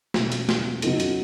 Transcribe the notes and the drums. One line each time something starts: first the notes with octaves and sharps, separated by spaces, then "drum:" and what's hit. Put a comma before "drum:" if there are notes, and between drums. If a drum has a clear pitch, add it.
E2 B2 A3 C#4, drum: snare
drum: hi-hat
drum: snare
C#3 F#3 B3 D#4 A4, drum: hi-hat
drum: hi-hat